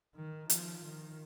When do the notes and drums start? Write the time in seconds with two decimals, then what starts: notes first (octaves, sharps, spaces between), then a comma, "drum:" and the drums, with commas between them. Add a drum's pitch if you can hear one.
0.15 D#3
0.50 F3, drum: hi-hat
0.84 D#3